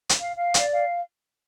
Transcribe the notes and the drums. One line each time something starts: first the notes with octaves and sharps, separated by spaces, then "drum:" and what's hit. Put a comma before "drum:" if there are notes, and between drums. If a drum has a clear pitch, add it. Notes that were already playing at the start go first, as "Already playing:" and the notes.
drum: hi-hat
F5
F5
D5, drum: hi-hat
F5